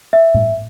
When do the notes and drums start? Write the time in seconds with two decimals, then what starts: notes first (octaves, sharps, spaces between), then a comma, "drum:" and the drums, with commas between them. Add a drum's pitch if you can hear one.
0.13 E5
0.34 drum: tom A2